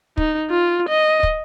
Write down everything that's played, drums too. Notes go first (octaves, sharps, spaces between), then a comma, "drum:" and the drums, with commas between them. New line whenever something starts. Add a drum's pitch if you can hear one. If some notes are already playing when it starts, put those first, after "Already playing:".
D#4, drum: kick
F4
D#5
drum: kick